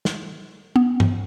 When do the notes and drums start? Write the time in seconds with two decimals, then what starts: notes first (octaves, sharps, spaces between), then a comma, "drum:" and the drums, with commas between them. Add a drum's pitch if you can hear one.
0.05 drum: snare
0.76 B3
1.00 drum: tom G2